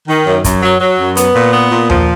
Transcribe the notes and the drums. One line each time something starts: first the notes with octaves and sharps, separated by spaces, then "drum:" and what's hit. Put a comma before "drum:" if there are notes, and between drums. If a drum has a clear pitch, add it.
D#3
F#2
F#2, drum: kick, hi-hat
F#3
F#3
F#2
B3, drum: hi-hat
A#2
B3
A#2
F3, drum: tom D#2